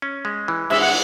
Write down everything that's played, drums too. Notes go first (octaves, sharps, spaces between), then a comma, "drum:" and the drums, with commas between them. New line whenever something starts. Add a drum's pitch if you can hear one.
C#4
G#3
E3
G#3 E5, drum: cymbal
F#5